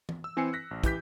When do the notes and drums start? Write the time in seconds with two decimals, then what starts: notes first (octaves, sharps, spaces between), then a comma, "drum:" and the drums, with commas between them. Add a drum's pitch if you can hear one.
0.09 drum: tom
0.24 E6
0.37 E3 C4 B4 G#5 C7 C#7
0.53 F#6 A#6 B6
0.71 A1
0.83 E3 G4 G6 B6, drum: kick, hi-hat